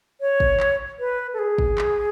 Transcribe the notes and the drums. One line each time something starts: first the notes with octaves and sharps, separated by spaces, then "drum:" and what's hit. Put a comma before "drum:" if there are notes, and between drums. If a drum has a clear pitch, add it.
C#5
drum: kick
drum: clap
B4
A4
G#4
drum: kick
drum: clap